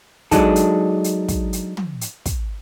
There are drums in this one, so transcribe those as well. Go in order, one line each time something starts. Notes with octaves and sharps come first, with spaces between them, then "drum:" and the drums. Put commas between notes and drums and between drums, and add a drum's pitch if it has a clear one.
F#3 G#3 D4 D#4 A4, drum: kick, hi-hat
drum: hi-hat
drum: hi-hat
drum: kick, hi-hat
drum: hi-hat
drum: tom
drum: hi-hat
drum: kick, hi-hat